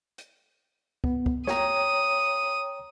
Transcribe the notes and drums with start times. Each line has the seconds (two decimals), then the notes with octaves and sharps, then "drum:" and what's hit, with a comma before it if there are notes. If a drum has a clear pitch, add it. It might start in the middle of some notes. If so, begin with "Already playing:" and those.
0.18 drum: hi-hat
1.04 B3, drum: kick
1.26 drum: kick
1.47 C#5 G5 A#5 D#6, drum: snare